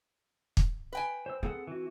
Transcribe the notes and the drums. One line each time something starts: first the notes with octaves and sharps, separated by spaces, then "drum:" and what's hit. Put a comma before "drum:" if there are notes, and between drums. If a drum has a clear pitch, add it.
drum: kick
B4 G5 G#5
C5 E6
C4 G#4 A4 F#5
E3 F#4